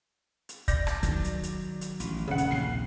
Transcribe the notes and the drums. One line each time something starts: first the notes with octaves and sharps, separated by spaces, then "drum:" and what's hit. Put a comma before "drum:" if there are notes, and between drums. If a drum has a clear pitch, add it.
drum: hi-hat
D5 G6 A#6, drum: kick, hi-hat
drum: rim click
D#3 F#3, drum: kick, hi-hat
drum: hi-hat
drum: hi-hat
drum: hi-hat
A1, drum: hi-hat
D#1 C#3 F#5
drum: hi-hat
A#1 D#2 C3 C7